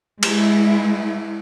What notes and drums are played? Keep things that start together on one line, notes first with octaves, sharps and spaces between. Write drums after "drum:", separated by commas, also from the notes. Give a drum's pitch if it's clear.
G#3 E4, drum: cymbal